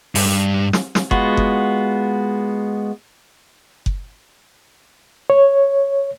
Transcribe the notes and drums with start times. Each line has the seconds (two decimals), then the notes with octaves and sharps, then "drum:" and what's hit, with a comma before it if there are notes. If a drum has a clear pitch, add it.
0.15 G2, drum: open hi-hat
0.73 drum: snare
0.95 drum: snare
1.11 G#3 B3 F4 F#4, drum: kick F#1
1.37 drum: kick F#1
3.86 drum: kick F#1
5.30 C#5